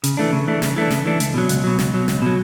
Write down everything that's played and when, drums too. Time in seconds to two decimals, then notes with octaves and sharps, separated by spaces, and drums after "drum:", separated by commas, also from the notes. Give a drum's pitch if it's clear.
0.04 C#3, drum: hi-hat
0.17 E3 A3 D4
0.32 C#3
0.47 E3 A3 D4
0.62 C#3, drum: snare
0.76 E3 A3 D4
0.90 C#3, drum: snare
1.06 E3 A3 D4
1.20 C#2, drum: hi-hat
1.34 B2 F#3
1.49 C#2, drum: hi-hat
1.64 B2 F#3
1.79 C#2, drum: snare
1.94 B2 F#3
2.08 C#2, drum: snare
2.22 B2 F#3